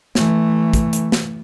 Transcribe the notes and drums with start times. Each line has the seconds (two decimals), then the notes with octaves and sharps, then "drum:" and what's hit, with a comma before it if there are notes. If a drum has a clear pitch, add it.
0.15 E3 A3, drum: snare
0.74 drum: kick, hi-hat
0.93 drum: hi-hat
1.12 drum: snare